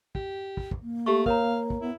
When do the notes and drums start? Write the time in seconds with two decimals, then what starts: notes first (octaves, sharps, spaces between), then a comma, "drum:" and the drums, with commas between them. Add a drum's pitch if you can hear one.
0.15 G4, drum: kick
0.57 drum: kick
0.71 drum: kick
0.82 A#3
1.06 A3 G4 C#6
1.26 A#4 C#5 F5 A#5, drum: kick
1.70 drum: kick
1.81 B3 E4